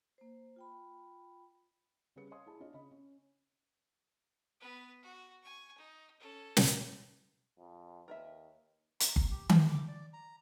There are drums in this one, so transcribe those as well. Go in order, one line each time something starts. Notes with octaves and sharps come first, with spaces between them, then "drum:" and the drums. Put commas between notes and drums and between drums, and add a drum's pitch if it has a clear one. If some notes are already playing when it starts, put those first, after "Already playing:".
A#3 C5
F4 G5 B5
C#3 G3 C#4 G#4 B4 C#7
C#5 D#5 F5 G#5 C6 D#6
E4 G#4 A5
D4 F4 C#5 D#5
C#3 D#5 B5
C#4
B3 B4
F#4
G#5 C#6
D#4
C#4 A4
drum: snare
F2
D#2 A#4 B4 E5
A#5, drum: hi-hat
drum: kick G1
G4
G5, drum: tom D#3
D6
D5
A#5